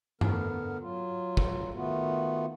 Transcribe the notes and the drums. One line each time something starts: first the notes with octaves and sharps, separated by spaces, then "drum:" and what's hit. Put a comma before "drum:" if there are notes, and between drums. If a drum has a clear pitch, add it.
D3 B3 A#4, drum: tom G2
F#3 F4
drum: kick
D#3 A3 B3 F4 F#4